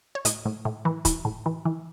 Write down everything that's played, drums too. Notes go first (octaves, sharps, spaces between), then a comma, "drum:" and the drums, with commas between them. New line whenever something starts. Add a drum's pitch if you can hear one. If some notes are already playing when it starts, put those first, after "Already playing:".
C#5
A2 D#5, drum: hi-hat
A2
A2
E3
E3, drum: kick, hi-hat
A2
E3
E3